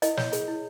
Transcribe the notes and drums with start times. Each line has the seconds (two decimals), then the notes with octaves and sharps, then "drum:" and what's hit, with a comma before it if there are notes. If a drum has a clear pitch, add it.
0.02 E4 D#5, drum: hi-hat
0.17 C#5, drum: snare
0.33 G#4, drum: hi-hat
0.48 E4